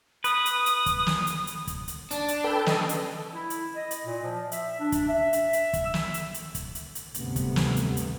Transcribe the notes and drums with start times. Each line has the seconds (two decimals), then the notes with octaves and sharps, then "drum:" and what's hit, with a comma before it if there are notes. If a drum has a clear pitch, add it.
0.24 B4 D#6, drum: hi-hat
0.46 drum: hi-hat
0.66 drum: hi-hat
0.86 drum: kick, hi-hat
1.07 drum: snare
1.27 drum: hi-hat
1.47 drum: hi-hat
1.67 drum: kick, hi-hat
1.88 drum: hi-hat
2.11 D4, drum: hi-hat
2.28 drum: hi-hat
2.44 A4 B4 G5
2.66 C#3 A4 D#5, drum: snare
2.89 drum: hi-hat
3.35 E4
3.50 drum: hi-hat
3.75 D#5
3.91 drum: hi-hat
4.06 A#2
4.23 F3
4.52 E5, drum: hi-hat
4.80 D4
4.92 drum: kick, hi-hat
5.08 E5
5.33 drum: hi-hat
5.53 drum: hi-hat
5.73 drum: kick, hi-hat
5.85 E6
5.94 drum: snare
6.14 drum: hi-hat
6.34 drum: hi-hat
6.55 drum: kick, hi-hat
6.75 drum: hi-hat
6.95 drum: hi-hat
7.14 D2 G2 C3 B3, drum: hi-hat
7.36 drum: kick, hi-hat
7.56 drum: snare
7.76 drum: hi-hat
7.97 drum: hi-hat